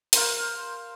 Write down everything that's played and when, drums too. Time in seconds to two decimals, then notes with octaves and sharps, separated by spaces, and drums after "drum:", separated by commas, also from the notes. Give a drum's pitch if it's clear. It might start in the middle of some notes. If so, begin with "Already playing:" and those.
0.13 A#4 C5 F5, drum: hi-hat